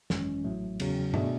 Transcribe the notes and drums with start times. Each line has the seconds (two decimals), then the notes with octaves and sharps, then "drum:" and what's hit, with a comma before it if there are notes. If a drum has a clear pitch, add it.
0.10 G#1 F#2 E3 G#3 C#4, drum: snare
0.44 A1 A2 F#3 A3
0.80 E2 C#3 F#3, drum: cymbal
1.14 B2 A3 D4 G#4, drum: tom G2